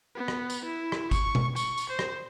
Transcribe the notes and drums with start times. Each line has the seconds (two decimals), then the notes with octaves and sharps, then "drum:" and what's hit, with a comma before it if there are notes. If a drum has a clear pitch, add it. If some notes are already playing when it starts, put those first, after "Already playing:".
0.15 B3
0.28 drum: rim click
0.50 drum: tambourine
0.65 E4
0.92 drum: rim click
1.11 C#6, drum: kick G1, tambourine
1.35 drum: tom B2
1.56 C#6, drum: tambourine
1.78 drum: tambourine
1.90 C5
1.99 drum: rim click